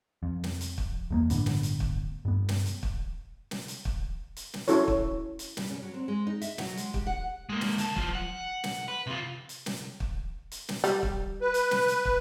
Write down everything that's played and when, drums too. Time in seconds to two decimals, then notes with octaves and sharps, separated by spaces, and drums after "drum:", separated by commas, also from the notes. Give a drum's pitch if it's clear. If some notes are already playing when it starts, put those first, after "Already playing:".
0.23 F2
0.44 drum: snare
0.61 drum: hi-hat
0.78 drum: kick
1.11 E2 A3 A#3
1.30 G1 A2 D3 B3, drum: hi-hat
1.46 drum: snare
1.63 drum: hi-hat
1.80 drum: kick
2.25 G2 B3
2.49 drum: snare
2.66 drum: hi-hat
2.83 drum: kick
3.51 drum: snare
3.68 drum: hi-hat
3.85 drum: kick
4.36 drum: hi-hat
4.54 drum: snare
4.68 C#4 E4 F#4 A4 C#5, drum: hi-hat
4.88 drum: kick
5.39 drum: hi-hat
5.57 G3, drum: snare
5.70 C#4
5.82 F#3
5.94 C4
6.08 G#3
6.27 D#4
6.41 E5, drum: hi-hat
6.58 F#3, drum: snare
6.77 G#3, drum: hi-hat
6.94 G4, drum: kick
7.07 F#5
7.49 G#3 A#3
7.61 drum: snare
7.78 D2 A5, drum: hi-hat
7.96 F#3 F4, drum: kick
8.15 F#5
8.64 drum: snare
8.88 B4
9.07 C3 F4
9.49 drum: hi-hat
9.66 drum: snare
10.00 drum: kick
10.51 drum: hi-hat
10.69 drum: snare
10.84 G3, drum: hi-hat
11.03 drum: kick
11.41 B4
11.54 drum: hi-hat
11.71 drum: snare
11.88 drum: hi-hat
12.05 drum: kick